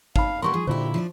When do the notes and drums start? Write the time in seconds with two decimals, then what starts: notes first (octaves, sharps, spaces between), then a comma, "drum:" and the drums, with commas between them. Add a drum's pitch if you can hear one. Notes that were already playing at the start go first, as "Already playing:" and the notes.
0.16 D#4 F5 B5, drum: kick
0.42 A#2 G3 B3 A#4 C6 C#6
0.54 F3 G#4
0.67 A#2 D3 D#4 E4 G4 C5
0.94 F3 D4 D5